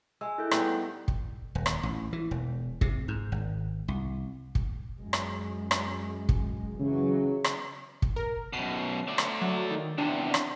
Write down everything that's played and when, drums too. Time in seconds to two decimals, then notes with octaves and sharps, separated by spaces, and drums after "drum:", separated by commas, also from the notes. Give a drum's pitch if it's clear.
0.21 G#3 G#5 E6
0.38 E4 A4 G6
0.51 G3 B3 D#4, drum: rim click
1.08 drum: kick
1.55 D#1
1.66 drum: rim click
1.83 A1
2.13 E3
2.31 E1
2.81 C3, drum: kick
3.08 G#2
3.32 G#1
3.88 C2
4.55 drum: kick
4.96 F#2 G#3
5.13 drum: rim click
5.71 drum: rim click
6.29 drum: kick
6.80 C#3 E3 F#3
7.44 drum: rim click
8.02 drum: kick
8.16 A#4
8.53 F#2 B2 C7
9.08 A3 D5
9.18 drum: rim click
9.42 F#3
9.71 D#3
9.98 E2 C3 D4
10.34 drum: rim click